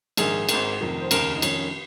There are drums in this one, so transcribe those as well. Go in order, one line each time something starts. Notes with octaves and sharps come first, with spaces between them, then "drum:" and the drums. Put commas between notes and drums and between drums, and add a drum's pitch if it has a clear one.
A#1 G#2 D#3 G#4, drum: cymbal
G#1 G#2 D#3, drum: cymbal
F1 F2 C3 D#3
C5
F1 D#2 C#3 A#4, drum: cymbal
D#4
F1 F2 D#3 C#4, drum: cymbal